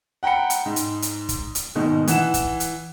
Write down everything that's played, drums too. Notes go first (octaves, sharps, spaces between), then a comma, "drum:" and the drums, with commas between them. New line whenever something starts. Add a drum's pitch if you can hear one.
F#5 G5 A#5 B5 C#7
drum: hi-hat
G#2
drum: hi-hat
drum: hi-hat
drum: kick, hi-hat
drum: hi-hat
G#2 B2 D#3
E3 F#5 E7, drum: hi-hat
drum: kick, hi-hat
drum: hi-hat